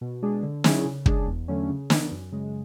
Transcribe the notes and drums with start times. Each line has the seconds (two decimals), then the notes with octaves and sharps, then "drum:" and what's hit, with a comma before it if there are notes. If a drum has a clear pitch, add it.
0.01 B2
0.22 G#3 D4 G#4
0.43 D3
0.64 F#3 C#4 E4 G#4, drum: snare
0.85 C#3
1.06 G#3 D4 G#4, drum: kick
1.27 E2
1.48 D3 F#3 A3 C#4
1.69 C#3
1.90 E3 B3 D4, drum: snare
2.11 F#2
2.32 C#3 G#3